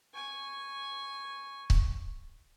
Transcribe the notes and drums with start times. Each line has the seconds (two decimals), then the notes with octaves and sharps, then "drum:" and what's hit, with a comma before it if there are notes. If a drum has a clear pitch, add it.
0.14 G#5 C#6
1.70 drum: kick C#1